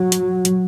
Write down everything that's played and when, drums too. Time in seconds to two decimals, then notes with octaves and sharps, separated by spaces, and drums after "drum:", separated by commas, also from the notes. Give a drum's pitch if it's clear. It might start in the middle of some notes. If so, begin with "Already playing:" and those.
Already playing: F#3
0.12 drum: hi-hat
0.45 drum: hi-hat